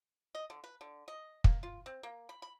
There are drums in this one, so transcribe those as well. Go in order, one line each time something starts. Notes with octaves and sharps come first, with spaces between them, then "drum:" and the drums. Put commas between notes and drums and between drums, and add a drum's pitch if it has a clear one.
D#5
D3
B4
D3
D#5
A#3, drum: kick
F4
C4
A#3
B5
B5